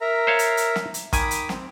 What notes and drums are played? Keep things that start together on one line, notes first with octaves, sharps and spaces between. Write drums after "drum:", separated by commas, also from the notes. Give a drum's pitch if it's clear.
A#4 E5 A#5
C5 C#5 F5
drum: hi-hat
drum: hi-hat
drum: snare
drum: hi-hat
D#3 G#5 B5 D6 D#6, drum: kick, hi-hat
drum: hi-hat
C4, drum: snare